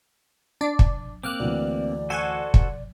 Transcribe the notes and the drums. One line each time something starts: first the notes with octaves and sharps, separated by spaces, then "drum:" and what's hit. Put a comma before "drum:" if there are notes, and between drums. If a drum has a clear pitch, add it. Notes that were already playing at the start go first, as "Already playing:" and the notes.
D4 D5
drum: kick
A#3 C4 D6 F6 F#6
D2 E3 D5
F#4 A4 C5 F#5 G#5 C#6
drum: kick